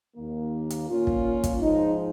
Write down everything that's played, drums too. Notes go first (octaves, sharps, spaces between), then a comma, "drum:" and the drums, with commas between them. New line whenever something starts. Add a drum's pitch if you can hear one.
D#2 D#3 A#3
drum: hi-hat
A#2 A#3 C#4 F4
drum: kick
drum: kick, hi-hat
G#2 F3 G#3 D#4